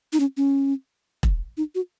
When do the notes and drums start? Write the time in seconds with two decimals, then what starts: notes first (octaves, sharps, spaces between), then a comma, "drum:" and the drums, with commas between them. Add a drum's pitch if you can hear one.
0.13 D#4
0.20 C#4
0.37 C#4
1.23 drum: kick E1
1.57 D#4
1.75 F#4